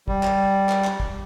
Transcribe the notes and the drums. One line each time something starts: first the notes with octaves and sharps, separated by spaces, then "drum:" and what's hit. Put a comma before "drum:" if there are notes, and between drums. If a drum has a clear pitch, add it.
G3, drum: kick
drum: clap
drum: clap
drum: clap
drum: kick